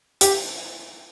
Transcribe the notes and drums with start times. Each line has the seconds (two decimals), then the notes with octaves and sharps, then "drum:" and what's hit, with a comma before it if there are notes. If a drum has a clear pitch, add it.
0.21 G4, drum: hi-hat